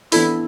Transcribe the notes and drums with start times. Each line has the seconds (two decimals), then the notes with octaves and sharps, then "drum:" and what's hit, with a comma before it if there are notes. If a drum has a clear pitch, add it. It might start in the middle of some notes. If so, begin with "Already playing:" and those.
0.12 E3 B3 D4 E4 A4 D5, drum: open hi-hat